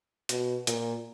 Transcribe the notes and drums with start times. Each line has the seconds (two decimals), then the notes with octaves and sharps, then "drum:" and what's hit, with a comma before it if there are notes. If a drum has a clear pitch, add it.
0.29 B2, drum: hi-hat
0.67 A#2, drum: hi-hat